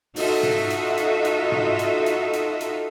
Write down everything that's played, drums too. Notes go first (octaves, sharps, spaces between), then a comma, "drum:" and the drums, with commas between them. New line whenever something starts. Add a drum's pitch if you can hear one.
D#4 F4 F#4 A4 D#5 E5, drum: open hi-hat
drum: tom G#2
drum: hi-hat
drum: hi-hat
drum: hi-hat
drum: tom G#2
drum: hi-hat
drum: hi-hat
drum: hi-hat
drum: hi-hat